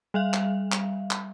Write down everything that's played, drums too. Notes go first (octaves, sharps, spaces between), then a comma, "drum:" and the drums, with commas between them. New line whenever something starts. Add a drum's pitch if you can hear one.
G3 E5 F5
drum: clap
drum: clap
drum: clap